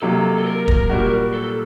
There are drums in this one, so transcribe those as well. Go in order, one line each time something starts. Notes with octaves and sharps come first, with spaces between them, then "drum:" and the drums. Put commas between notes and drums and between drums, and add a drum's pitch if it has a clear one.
C3 F#3 A#3 D#4 A4
A4
A#4
A#4, drum: kick
A#2 G3 D4 F#4
A4